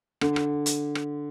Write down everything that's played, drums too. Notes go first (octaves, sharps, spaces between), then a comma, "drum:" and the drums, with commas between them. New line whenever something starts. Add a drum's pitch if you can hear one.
D3, drum: rim click
drum: rim click
drum: hi-hat
drum: rim click